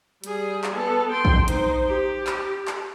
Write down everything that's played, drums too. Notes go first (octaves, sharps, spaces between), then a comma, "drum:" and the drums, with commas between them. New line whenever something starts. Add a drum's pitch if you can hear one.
G3 G#4, drum: hi-hat
drum: clap
B3 A4
G5 C6
drum: kick
D#4 C5, drum: hi-hat
G4
drum: clap
drum: clap